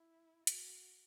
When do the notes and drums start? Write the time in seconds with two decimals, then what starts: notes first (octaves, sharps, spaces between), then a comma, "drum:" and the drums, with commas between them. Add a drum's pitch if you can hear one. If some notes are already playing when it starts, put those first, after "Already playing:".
Already playing: E4
0.47 F#4, drum: hi-hat